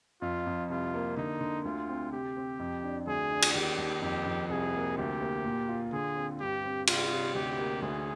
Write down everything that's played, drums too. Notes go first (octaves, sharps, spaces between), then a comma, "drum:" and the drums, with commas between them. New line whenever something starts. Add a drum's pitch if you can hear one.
F2 F4
F2
C2 F4
A#3
D3 D#4
D3
D2 F4
C4
C3 G4
C4
F2
D4
D2 G#4
D4
drum: cymbal
D#2 G4
D#2
F2 G4
F2
C2 G#4
A#3
D2 G4
A#3
A#2
F4
D3 G#4
C4
G2 G4
C4
C3 F4, drum: cymbal
C3
D2 G4
A#3
D2 G#4